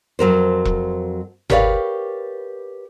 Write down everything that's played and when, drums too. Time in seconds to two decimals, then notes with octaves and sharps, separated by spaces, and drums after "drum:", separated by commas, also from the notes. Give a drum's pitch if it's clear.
0.19 F2 F#3 A#4 C5
0.65 drum: kick E1
1.50 G4 A#4 B4 C#5 D5 F5, drum: tom G1